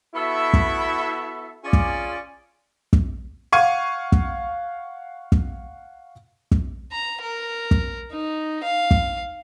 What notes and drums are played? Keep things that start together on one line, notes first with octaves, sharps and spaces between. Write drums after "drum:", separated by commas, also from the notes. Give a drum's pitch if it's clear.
B3 E4 F#4 A4 E5
drum: kick
C#4 F4 G#4 D5
drum: kick
drum: kick
F5 F#5 C#6 F6 G#6 D#7
drum: kick
drum: kick
drum: kick
A#5
A#4
drum: kick
D#4
F5
drum: kick